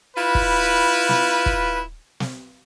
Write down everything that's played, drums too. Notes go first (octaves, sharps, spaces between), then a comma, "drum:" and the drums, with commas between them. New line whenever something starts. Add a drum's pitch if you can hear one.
E4 F4 B4
drum: kick
drum: snare
drum: kick
drum: snare